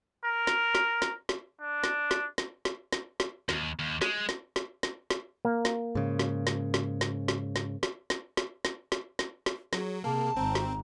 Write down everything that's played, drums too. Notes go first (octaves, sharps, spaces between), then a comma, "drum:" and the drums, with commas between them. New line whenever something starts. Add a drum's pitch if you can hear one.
A#4
drum: snare
drum: snare
drum: snare
drum: snare
D4
drum: snare
drum: snare
drum: snare
drum: snare
drum: snare
drum: snare
D#2, drum: snare
D#2
G#3, drum: snare
drum: snare
drum: snare
drum: snare
drum: snare
A#3
drum: snare
G#2 C#3
drum: snare
drum: snare
drum: snare
drum: snare
drum: snare
drum: snare
drum: snare
drum: snare
drum: snare
drum: snare
drum: snare
drum: snare
drum: snare
F#3 G#4, drum: snare
C3 A#3 G#4 A5
G#1 C4 A#5
drum: snare